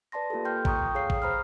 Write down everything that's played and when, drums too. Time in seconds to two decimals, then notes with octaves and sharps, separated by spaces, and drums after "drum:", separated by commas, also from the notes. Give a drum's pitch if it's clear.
0.12 B4 D5 A5 C6 A#6
0.30 A#3 F4 G4 A4
0.45 G5 C6 F6 G6
0.65 G5 A#5 C#6 D#6 G6, drum: kick A1
0.95 G#4 C#5 F5 D#6 C7
1.10 drum: kick A1
1.22 C5 A#5 B5 D#6 F6